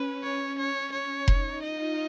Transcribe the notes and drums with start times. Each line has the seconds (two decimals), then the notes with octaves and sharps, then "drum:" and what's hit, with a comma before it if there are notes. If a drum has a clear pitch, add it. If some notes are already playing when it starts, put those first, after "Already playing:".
Already playing: C#4 B4
0.23 C#4 C#5
0.58 C#5
0.92 C#5
1.28 D#4, drum: kick F1
1.63 F4 D#5